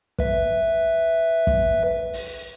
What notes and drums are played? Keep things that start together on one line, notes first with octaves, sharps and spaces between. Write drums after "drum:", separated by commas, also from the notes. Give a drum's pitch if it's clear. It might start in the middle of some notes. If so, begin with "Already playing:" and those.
B4 E5, drum: kick
drum: kick
drum: open hi-hat